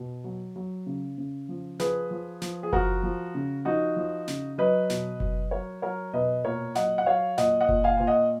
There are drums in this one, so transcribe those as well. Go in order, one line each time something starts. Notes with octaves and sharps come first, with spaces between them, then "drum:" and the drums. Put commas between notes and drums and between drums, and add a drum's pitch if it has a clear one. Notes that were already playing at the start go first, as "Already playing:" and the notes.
Already playing: B2
F#3
F#3
C#3
C#3
F3
F3 G#4 B4, drum: snare
F3
F3, drum: snare
G#4
F3 F#4 A#4, drum: kick F#1
F3
C#3
F3 D#4 F#4
F3
C#3, drum: snare
F#3 B4 D#5
B2, drum: snare
F#3, drum: kick F#1
F#3 A#4 C#5
F#3 A#4 C#5
B2 B4 D#5
A#2 A#4 C#5
F#3 D#5 F#5, drum: snare
F#5
F#3 C#5 F5
A#2 D#5 F#5, drum: snare
D#5 F#5
A#2, drum: kick F#1
F5 G#5
A#2 G#5
D#5 F#5